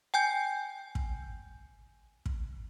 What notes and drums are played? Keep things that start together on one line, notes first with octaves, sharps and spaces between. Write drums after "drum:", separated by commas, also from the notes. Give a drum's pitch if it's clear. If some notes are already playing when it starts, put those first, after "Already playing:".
G5 G#5 G6
drum: kick
drum: kick